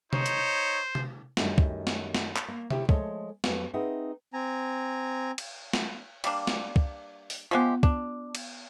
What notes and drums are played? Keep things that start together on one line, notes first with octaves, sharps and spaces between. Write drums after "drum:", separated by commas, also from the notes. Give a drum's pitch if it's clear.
D#4 C5 C#5, drum: tom C3
drum: hi-hat
drum: tom C3
F#2 A2 D#3 G3 A3 D4, drum: snare
drum: kick
drum: snare
drum: snare
drum: clap
A#3
E4 G4 D5 E5, drum: tom C3
F3 G#3 A3 A4 C#5, drum: kick
F2 F#3 G3 B3 F5, drum: snare
C4 D#4 G#4 B4 E5 F#5
C4 G#5 A#5
drum: cymbal
drum: snare
G3 A#3 D4, drum: cymbal
drum: snare
drum: kick
drum: open hi-hat
F3 G#3 B3 F4 G4
D4, drum: kick
drum: cymbal